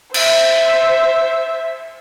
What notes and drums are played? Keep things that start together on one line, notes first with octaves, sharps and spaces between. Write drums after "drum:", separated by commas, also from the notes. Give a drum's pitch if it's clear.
C5 E5, drum: cymbal